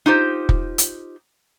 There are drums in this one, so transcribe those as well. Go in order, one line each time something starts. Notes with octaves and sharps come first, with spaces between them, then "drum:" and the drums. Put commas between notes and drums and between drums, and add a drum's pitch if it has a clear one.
D#4 F4 G4 C5
drum: kick
drum: hi-hat